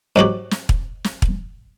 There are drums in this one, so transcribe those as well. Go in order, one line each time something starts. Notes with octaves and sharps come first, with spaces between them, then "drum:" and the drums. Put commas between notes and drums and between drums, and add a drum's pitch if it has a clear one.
G#2 F#3 F#4 G4
drum: snare
drum: kick
drum: snare
drum: kick